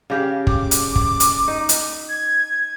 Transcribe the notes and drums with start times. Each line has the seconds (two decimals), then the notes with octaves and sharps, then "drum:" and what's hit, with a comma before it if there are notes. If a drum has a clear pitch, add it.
0.10 C#3 G4 F5
0.47 D6, drum: kick
0.71 drum: hi-hat
0.96 drum: kick
1.20 drum: hi-hat
1.48 D#4
1.69 drum: hi-hat
2.09 G#6